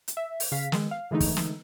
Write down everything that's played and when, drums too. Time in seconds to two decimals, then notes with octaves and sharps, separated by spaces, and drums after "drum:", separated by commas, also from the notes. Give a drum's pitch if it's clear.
0.08 drum: hi-hat
0.17 E5
0.40 drum: open hi-hat
0.52 C#3 F5 B6
0.72 D#3 G#3, drum: snare
0.91 F5
1.11 D3 E3 G#3 A3 D#4
1.20 drum: kick, open hi-hat
1.37 drum: snare